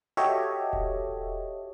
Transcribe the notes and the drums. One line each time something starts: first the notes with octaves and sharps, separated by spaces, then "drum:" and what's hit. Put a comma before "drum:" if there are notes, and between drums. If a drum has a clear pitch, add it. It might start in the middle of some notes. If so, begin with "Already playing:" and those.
F#4 G4 A4 C#5 D#5 E5
drum: kick D#1